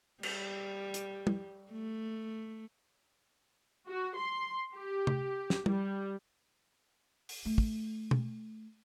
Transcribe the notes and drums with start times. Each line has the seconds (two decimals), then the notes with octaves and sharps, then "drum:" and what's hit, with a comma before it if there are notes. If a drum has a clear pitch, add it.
0.23 G3, drum: cymbal
0.94 drum: hi-hat
1.27 drum: tom
1.72 A3
3.88 F#4
4.17 C6
4.75 G4
5.07 drum: tom C3
5.50 drum: snare
5.66 G3, drum: tom
7.29 drum: open hi-hat
7.45 A3
7.58 drum: kick
8.11 drum: tom B2